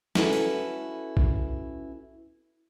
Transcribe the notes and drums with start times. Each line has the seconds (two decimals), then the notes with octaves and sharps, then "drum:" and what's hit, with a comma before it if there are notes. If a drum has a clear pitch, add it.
0.15 C#4 E4 F#4 A4 B4, drum: snare
0.33 drum: tambourine
1.17 drum: kick A#1